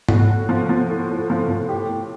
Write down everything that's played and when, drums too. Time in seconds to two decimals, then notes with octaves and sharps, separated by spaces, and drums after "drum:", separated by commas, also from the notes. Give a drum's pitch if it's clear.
0.09 A2 F#4, drum: tom G#2
0.29 A2
0.49 F3
0.69 F3
0.90 A2
1.10 A2
1.30 F3
1.49 F3
1.69 A2 G4
1.89 A2